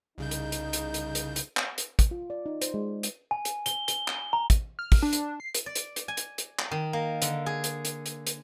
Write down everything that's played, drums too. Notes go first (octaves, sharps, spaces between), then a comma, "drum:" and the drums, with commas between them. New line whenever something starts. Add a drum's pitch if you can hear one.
C2 C#3 D#4 G6
drum: hi-hat
drum: hi-hat
drum: hi-hat
drum: hi-hat
drum: hi-hat
drum: hi-hat
drum: clap
drum: hi-hat
drum: kick, hi-hat
F4
D5
D#4
C5, drum: hi-hat
G#3
drum: hi-hat
G#5
drum: hi-hat
G7, drum: hi-hat
G7, drum: hi-hat
drum: clap
A#5
drum: kick, hi-hat
F6
drum: kick, open hi-hat
D4
drum: hi-hat
C7
drum: hi-hat
D5
drum: hi-hat
drum: hi-hat
G#5
drum: hi-hat
drum: hi-hat
drum: clap
D#3
A#3
D3, drum: hi-hat
G#4
drum: hi-hat
drum: hi-hat
drum: hi-hat
drum: hi-hat